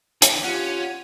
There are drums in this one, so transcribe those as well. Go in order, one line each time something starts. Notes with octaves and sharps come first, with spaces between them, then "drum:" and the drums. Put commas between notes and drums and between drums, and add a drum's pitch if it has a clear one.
D3 E3, drum: hi-hat
C#4 F4 G4 C#5 F#5